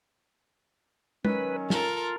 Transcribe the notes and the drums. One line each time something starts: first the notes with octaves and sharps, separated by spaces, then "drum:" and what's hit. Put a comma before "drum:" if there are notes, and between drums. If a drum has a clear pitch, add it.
D#3 F#3 C#4 B4, drum: tom
F4 A4 A#4, drum: snare